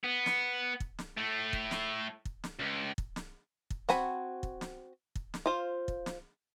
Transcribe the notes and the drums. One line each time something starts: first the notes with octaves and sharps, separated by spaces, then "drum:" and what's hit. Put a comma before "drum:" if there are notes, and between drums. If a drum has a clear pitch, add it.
B3
drum: snare
drum: kick
drum: snare
A2 A3
drum: kick
drum: snare
drum: kick
drum: snare
C#2
drum: kick
drum: snare
drum: kick
C4 F#4 F#5 G#5 B5, drum: snare
drum: kick
drum: snare
drum: kick
drum: snare
F4 C5 F5
drum: kick
drum: snare